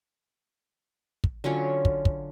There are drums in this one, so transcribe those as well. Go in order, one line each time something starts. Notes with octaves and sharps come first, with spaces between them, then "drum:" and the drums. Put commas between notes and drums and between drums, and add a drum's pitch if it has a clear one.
drum: kick
D3 F#3 C#4 F4
drum: kick
drum: kick